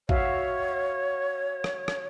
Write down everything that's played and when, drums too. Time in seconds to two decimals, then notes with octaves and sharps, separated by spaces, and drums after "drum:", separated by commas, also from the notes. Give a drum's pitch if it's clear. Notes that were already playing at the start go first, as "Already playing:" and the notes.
0.09 F#4 C#5 E5 F5, drum: kick
1.64 drum: rim click
1.88 drum: rim click